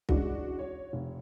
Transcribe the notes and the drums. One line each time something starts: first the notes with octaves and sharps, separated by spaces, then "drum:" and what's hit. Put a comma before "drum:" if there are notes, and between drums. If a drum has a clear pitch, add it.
E3 G#3 C#4 D4 F#4 D5, drum: kick
C#5
F1